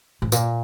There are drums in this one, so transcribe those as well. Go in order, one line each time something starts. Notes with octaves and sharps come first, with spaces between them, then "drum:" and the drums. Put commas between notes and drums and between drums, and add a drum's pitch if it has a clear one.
G#2
A#2, drum: tambourine